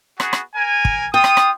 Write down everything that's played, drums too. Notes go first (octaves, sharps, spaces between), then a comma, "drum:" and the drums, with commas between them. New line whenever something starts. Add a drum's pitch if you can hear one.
B3 F#4 G#4, drum: rim click
drum: rim click
A#4 G#5
drum: kick
F4 G5 D#6
drum: rim click
drum: rim click